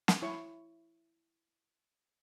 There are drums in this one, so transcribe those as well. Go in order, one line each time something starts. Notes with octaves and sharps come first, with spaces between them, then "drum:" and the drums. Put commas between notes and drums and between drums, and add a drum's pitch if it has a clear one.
drum: snare
E4 C#5 C#6